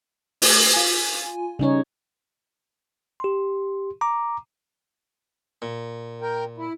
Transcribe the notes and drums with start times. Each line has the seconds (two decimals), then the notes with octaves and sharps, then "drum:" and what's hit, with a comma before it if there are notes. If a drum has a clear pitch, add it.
0.42 A3, drum: open hi-hat
0.73 F4 G#5
1.59 C#3 G3 C#4 D#4 C#5
3.20 G4 C6
4.01 A#5 D6
5.62 A#2
6.22 A#4 G5
6.57 E4